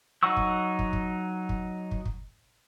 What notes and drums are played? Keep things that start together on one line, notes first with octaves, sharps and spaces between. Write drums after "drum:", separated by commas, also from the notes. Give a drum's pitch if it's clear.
F#3 D#4 F#5 C#6 E6
drum: kick
drum: kick
drum: kick
drum: kick
drum: kick
drum: kick